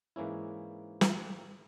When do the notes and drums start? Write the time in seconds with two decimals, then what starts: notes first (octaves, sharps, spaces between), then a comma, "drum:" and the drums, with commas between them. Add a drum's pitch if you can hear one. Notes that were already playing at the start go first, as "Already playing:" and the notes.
0.16 G#2 E3 A#3 C#4 E4
1.01 drum: snare